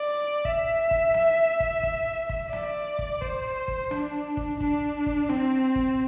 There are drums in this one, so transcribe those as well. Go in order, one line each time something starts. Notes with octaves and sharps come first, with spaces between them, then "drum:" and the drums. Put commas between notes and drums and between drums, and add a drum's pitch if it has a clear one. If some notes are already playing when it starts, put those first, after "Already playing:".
Already playing: D5
E5, drum: kick
drum: kick
drum: snare
drum: kick
drum: kick
drum: kick
D5, drum: snare
drum: kick
C5, drum: kick
drum: kick
D4, drum: snare
drum: kick
D4, drum: kick
drum: kick
C4, drum: snare
drum: kick